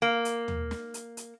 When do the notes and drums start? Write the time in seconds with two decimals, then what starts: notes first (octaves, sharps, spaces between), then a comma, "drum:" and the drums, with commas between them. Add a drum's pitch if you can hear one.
0.02 A#3
0.25 drum: hi-hat
0.48 drum: tom
0.71 drum: snare
0.94 drum: hi-hat
1.17 drum: hi-hat